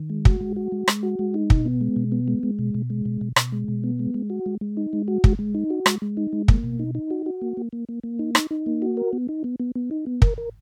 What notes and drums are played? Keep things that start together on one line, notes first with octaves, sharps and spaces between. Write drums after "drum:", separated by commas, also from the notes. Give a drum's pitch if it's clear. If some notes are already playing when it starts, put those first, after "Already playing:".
Already playing: D#3
G#3
F#4, drum: kick
G#3
F#4
G#3
G#3, drum: rim click
F#4
G#3
D#4
B2, drum: kick
B3
G#3
B2
B3
G#3
G#3
B2
B2
G#3
B2
B2
B2, drum: rim click
G#3
B2
B3
G#3
G#3
F#4
G#3
G#3
D#4
G#3
F#4
G#3, drum: kick
G#3
D#4
F#4
G#3, drum: rim click
G#3
D#4
G#3
A#3, drum: kick
B2
D#4
D#4
F#4
F#4
A#3
A#3
A#3
A#3
A#3
D#4
D#4, drum: rim click
D#4
A#3
F#4
A#4
B3
D#4
B3
B3
B3
D#4
B3
A#4, drum: kick
A#4